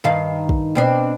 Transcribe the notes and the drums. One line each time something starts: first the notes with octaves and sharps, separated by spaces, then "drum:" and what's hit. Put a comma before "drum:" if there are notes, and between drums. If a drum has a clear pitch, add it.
G2 D#3 F5
drum: kick
B2 C4 D4